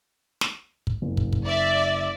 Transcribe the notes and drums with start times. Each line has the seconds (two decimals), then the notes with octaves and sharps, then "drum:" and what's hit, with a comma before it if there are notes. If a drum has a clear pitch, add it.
0.41 drum: snare
0.87 drum: kick
1.02 F#1
1.17 drum: kick
1.33 drum: kick
1.45 D5 E5